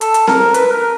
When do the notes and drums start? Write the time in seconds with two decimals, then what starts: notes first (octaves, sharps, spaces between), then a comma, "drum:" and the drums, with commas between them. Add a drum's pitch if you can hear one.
0.01 A4, drum: hi-hat
0.14 drum: hi-hat
0.27 A#4, drum: snare C4
0.54 B4, drum: hi-hat
0.71 A#4